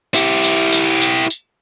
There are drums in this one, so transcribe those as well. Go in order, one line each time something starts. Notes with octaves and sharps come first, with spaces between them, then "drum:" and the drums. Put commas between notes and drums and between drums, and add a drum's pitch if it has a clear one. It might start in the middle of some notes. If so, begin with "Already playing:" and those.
E4 G4, drum: tambourine
drum: tambourine
drum: tambourine
drum: tambourine
drum: tambourine